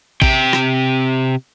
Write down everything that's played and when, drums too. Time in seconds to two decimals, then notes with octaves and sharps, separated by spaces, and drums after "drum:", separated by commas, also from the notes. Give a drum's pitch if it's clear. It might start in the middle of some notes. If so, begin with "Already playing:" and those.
0.22 C3 G5, drum: kick A1
0.53 drum: rim click